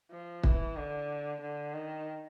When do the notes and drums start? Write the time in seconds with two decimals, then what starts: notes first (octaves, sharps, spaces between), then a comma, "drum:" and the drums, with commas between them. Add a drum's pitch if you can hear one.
0.11 F3
0.43 E3, drum: kick
0.77 D3
1.41 D3
1.74 D#3